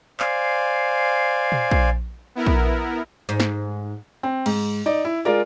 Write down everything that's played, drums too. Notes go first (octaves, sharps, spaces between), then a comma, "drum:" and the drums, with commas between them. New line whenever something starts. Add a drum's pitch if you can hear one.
C5 D5 F5 G#5, drum: clap
drum: tom A#2
drum: kick A#1
B3 E4 A#4
drum: kick A#1
G#2
drum: snare
C4
G#2, drum: cymbal
D#4 D5
E4
G#3 F4 A#4 D5